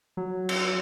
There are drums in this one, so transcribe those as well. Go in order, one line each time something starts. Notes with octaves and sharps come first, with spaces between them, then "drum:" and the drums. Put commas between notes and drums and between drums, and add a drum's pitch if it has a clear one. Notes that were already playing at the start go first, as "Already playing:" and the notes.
F#3
drum: cymbal